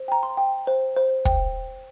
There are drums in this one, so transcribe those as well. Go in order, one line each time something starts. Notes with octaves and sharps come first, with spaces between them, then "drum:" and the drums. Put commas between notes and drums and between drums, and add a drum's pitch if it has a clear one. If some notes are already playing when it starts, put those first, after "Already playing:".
Already playing: C5
G5 A#5
C6
G5
C5
C5
G5, drum: kick